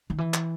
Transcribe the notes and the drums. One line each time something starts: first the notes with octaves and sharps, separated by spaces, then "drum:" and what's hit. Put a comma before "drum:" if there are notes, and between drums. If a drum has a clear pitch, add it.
D#3
E3
drum: clap